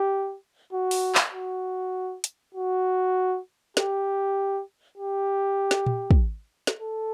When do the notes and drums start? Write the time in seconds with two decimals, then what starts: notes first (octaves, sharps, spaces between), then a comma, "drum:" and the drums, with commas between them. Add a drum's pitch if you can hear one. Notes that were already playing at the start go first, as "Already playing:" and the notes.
Already playing: G4
0.73 F#4
0.91 drum: open hi-hat
1.15 drum: clap
1.33 F#4
2.24 drum: hi-hat
2.55 F#4
3.77 G4, drum: snare
4.98 G4
5.71 drum: snare
5.86 drum: tom A#2
6.11 drum: kick
6.67 drum: snare
6.80 A4